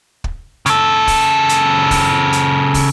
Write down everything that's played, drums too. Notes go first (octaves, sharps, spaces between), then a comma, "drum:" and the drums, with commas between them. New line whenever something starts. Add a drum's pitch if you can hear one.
drum: kick
C#3 A4, drum: hi-hat
drum: kick, open hi-hat
drum: hi-hat
drum: kick, open hi-hat
drum: hi-hat
drum: kick, open hi-hat